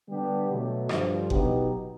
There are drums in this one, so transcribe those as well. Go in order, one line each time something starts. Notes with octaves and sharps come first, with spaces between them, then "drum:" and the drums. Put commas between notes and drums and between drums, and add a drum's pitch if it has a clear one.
D3 G3 B3 D4 G4
B2 F#3 A3
G2 D3 F3, drum: rim click
B2 F#3 B3 D#4 G4, drum: kick F#1